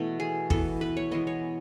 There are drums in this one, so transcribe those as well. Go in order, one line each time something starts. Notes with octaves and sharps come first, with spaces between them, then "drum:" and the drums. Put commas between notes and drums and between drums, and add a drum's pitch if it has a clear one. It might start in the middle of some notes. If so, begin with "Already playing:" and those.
Already playing: B2 E3 A3 F#4
G#4
E3 B3 A4, drum: kick
B4
C#5
E3 G#3 B3 D#5
C#5